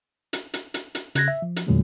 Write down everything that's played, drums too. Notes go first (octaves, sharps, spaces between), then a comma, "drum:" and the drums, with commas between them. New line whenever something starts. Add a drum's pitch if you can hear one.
drum: hi-hat
drum: hi-hat
drum: hi-hat
drum: hi-hat
C#3 F#6 G#6 A#6, drum: hi-hat
E5
F3
drum: hi-hat
E2 A#2 D3 F#3 G#3 A3